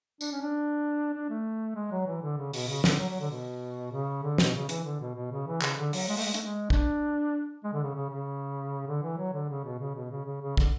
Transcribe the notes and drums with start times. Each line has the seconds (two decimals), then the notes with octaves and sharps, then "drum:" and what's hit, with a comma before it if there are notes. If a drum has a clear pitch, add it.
0.21 D4, drum: tambourine
0.32 C#4
0.42 D4
1.14 D4
1.29 A3
1.75 G#3
1.91 F#3
2.06 E3
2.22 D3
2.37 C#3
2.53 B2, drum: open hi-hat
2.68 C#3
2.84 D3, drum: snare
2.99 F#3
3.10 F#3
3.20 D3
3.30 B2
3.92 C#3
4.23 D3
4.38 B2, drum: snare
4.55 C#3
4.69 E3, drum: hi-hat
4.84 D3
5.00 B2
5.15 B2
5.32 C#3
5.47 E3
5.62 C#3, drum: clap
5.77 D3
5.93 F#3, drum: open hi-hat
6.08 G#3
6.17 A3, drum: open hi-hat
6.25 G#3
6.34 A3, drum: hi-hat
6.43 G#3
6.70 D4, drum: kick
7.64 G#3
7.73 D3
7.83 C#3
7.95 C#3
8.10 C#3
8.87 D3
9.03 E3
9.18 F#3
9.33 D3
9.49 C#3
9.64 B2
9.79 C#3
9.95 B2
10.11 C#3
10.26 C#3
10.42 C#3
10.57 D3, drum: kick